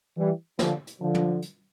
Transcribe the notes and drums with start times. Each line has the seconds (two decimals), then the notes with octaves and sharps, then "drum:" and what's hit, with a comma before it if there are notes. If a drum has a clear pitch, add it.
0.17 E3 G3
0.59 D3 F3, drum: snare
0.87 drum: hi-hat
1.01 D3 F3
1.15 drum: tom
1.42 drum: hi-hat